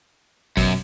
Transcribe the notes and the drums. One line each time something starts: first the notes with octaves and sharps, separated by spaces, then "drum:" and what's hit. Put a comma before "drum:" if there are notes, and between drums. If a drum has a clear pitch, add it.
F#2 B2 F#3, drum: kick, open hi-hat